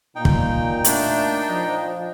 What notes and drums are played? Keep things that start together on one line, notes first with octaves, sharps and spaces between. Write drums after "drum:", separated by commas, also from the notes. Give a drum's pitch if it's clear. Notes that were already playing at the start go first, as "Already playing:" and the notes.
A#2 D#4 G5
drum: kick
A3 D4, drum: hi-hat
F3 D#5